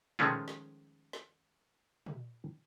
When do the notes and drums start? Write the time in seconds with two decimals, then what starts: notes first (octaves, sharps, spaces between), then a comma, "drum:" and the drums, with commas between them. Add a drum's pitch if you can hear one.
0.19 D#3 F3 G#3 A3 C#4 F4, drum: tom
0.48 drum: snare
1.13 drum: snare
2.06 drum: tom